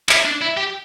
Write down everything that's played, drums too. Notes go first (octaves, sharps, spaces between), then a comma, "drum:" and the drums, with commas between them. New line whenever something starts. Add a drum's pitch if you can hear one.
E4, drum: clap
D4
E4
G4